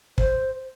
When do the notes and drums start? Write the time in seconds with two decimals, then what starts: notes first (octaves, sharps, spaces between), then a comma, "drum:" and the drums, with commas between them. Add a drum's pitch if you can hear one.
0.18 C5, drum: kick